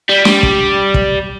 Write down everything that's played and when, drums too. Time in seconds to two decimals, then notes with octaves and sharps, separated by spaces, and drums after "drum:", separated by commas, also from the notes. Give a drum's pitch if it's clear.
0.09 G3
0.25 G3, drum: snare
0.43 drum: kick
0.94 drum: kick